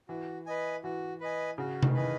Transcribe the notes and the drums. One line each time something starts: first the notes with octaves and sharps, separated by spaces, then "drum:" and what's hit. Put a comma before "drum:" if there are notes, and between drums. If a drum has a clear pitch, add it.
E3 F#4
B4 D#5 G#5
E3 F#4
B4 D#5 G#5
C#3 F#4
D#3, drum: tom C3
E3 B4 D#5 G#5